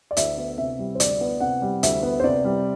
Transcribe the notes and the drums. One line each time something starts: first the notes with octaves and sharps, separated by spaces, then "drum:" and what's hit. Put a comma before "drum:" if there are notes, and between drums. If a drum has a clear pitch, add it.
D5
D2 E5, drum: hi-hat
B3
C3 E5
G3
C5
D2 D5, drum: hi-hat
B3
C3 F#5
G3
D2 E5, drum: hi-hat
B3
C5
C3 D5
G3